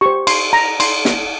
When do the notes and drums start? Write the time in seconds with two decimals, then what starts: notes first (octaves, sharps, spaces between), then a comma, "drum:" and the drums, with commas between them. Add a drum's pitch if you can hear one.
0.01 G4 C5 C#6
0.27 C6, drum: cymbal
0.53 A#5
0.80 C6, drum: cymbal
1.05 drum: snare